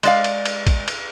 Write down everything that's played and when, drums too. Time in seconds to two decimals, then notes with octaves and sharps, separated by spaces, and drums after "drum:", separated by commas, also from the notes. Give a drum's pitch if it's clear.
0.03 G#3 D5 F5, drum: cymbal
0.24 drum: cymbal
0.46 drum: cymbal
0.67 drum: kick A1, cymbal
0.88 drum: cymbal